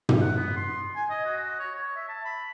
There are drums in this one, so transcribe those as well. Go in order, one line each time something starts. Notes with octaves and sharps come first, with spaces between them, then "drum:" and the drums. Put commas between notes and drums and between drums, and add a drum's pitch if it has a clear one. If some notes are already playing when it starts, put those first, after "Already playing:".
drum: tom
F#5
B3
C6
G#5
D#5
F#4
C#5
C#5
E5
A5
B5